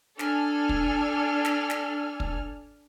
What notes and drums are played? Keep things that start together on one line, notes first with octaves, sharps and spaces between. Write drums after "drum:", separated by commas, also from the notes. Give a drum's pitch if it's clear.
D4 A4 G#5 F6, drum: snare
drum: kick
drum: snare
drum: snare
drum: kick